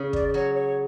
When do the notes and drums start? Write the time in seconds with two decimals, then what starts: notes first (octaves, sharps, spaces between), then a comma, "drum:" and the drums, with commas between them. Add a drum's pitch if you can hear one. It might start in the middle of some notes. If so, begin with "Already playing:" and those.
Already playing: C#3
0.13 D5, drum: kick
0.28 D5
0.34 F#3 C#5
0.54 C#5